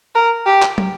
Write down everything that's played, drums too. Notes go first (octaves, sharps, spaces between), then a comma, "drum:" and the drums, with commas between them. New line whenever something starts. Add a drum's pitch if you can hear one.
A#4
G4
drum: clap
drum: tom